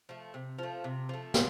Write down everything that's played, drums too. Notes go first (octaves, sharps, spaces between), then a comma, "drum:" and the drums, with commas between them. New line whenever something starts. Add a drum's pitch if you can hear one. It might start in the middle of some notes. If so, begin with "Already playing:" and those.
F3 A3
C3
F3 A3
C3
F3 A3
C3 F4, drum: snare